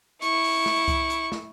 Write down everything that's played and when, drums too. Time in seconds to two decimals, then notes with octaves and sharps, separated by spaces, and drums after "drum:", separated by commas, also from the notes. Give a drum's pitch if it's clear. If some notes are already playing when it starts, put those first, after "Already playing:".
0.22 E4 C#6, drum: hi-hat
0.44 drum: open hi-hat
0.66 drum: snare
0.88 drum: kick C2, hi-hat
1.10 drum: hi-hat
1.32 drum: snare